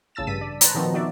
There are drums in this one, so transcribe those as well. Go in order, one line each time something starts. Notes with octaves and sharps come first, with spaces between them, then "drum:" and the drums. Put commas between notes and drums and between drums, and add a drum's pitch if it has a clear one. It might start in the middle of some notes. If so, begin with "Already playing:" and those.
A1 C#3 A5 E6 A6 E7
G2 B6 D#7
D5
B4 C5 A5 A#5, drum: hi-hat
A#2 D#3 F3 B3 C4 F#4
D#4 F#4 D5 E5